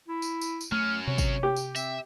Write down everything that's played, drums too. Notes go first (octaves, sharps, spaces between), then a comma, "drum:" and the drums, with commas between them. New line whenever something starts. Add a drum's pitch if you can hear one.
E4
drum: tambourine
drum: tambourine
drum: tambourine
F#3 A3 C#4 F6
C3 C#5
drum: kick G#1, tambourine
G4
drum: tambourine
C4 E5, drum: tambourine